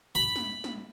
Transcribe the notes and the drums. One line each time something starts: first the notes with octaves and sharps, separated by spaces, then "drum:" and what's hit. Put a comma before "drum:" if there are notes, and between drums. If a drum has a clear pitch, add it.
B5, drum: tom
drum: snare
drum: snare